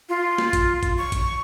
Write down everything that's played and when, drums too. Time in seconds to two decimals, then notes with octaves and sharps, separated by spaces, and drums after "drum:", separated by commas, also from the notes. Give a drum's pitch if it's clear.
0.09 F4
0.38 drum: snare
0.53 drum: kick, hi-hat
0.83 drum: kick, hi-hat
0.97 C#6
1.12 drum: kick, hi-hat